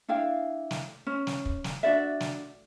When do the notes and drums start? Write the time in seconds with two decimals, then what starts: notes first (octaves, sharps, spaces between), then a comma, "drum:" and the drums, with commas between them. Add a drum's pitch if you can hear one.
0.08 D4 E4 F5 G5
0.71 drum: snare
1.07 C#4
1.27 drum: snare
1.46 drum: kick
1.64 drum: snare
1.83 D4 F#4 D5 E5
2.20 drum: snare